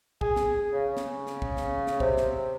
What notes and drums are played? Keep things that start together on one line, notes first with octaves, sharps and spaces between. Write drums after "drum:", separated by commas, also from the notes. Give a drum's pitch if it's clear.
G#4, drum: kick
drum: snare
C#3
drum: snare
drum: snare
drum: kick
drum: snare
drum: snare
C3, drum: kick
drum: snare